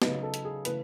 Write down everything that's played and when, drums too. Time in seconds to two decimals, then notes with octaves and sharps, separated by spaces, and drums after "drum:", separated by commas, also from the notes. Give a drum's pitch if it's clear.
0.02 C#3 F#3 B3 D#4 B4, drum: snare
0.23 A4
0.34 drum: hi-hat
0.45 G#4
0.65 C#3 E3 A3 B4, drum: hi-hat